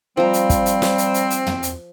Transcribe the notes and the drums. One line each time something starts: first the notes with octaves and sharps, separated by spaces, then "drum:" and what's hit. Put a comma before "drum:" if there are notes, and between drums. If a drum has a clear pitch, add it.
F3 G3 C4 A#5
drum: hi-hat
drum: kick, hi-hat
drum: hi-hat
drum: snare
drum: hi-hat
drum: hi-hat
drum: hi-hat
drum: tom
drum: hi-hat